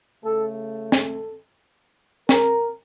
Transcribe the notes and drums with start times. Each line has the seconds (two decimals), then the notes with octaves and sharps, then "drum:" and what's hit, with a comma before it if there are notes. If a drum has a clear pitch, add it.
0.24 C#3 A3 A4
0.92 A4, drum: snare
2.29 A#4, drum: snare